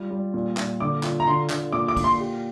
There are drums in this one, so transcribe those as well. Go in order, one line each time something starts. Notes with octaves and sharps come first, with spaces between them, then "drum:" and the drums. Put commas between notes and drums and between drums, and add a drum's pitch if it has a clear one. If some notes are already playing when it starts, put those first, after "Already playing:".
Already playing: G3 F4
G3
A#2
A#2, drum: clap
D3 D6
F4, drum: clap
A#5
D3 C6
D3, drum: clap
A#2 D6
D6
A#2, drum: kick, cymbal
C6
G4